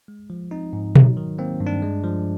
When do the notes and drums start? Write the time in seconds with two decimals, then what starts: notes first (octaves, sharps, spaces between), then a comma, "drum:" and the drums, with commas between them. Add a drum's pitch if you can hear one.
0.08 G#3
0.30 F3
0.51 C4 D#4
0.73 G#2
0.96 F#3, drum: tom B2
1.17 D#3
1.38 A#3 C4
1.60 G2
1.67 D4
1.82 G#3
2.03 F3